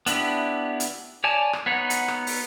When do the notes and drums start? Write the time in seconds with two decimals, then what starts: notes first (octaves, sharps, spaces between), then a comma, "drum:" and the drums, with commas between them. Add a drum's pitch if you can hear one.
0.06 B3 D4 E4 G4, drum: hi-hat
0.80 drum: hi-hat
1.24 C#5 D5 G#5 A5
1.53 drum: rim click
1.66 B3 D#4 C#5 F#5
1.90 drum: hi-hat
2.08 drum: rim click
2.27 drum: open hi-hat